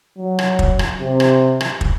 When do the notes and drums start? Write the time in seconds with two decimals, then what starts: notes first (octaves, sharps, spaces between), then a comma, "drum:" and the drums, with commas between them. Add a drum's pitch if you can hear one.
0.18 F#3
0.39 drum: rim click
0.59 drum: kick
0.79 drum: rim click
1.00 C3
1.20 drum: rim click
1.61 drum: rim click
1.81 drum: kick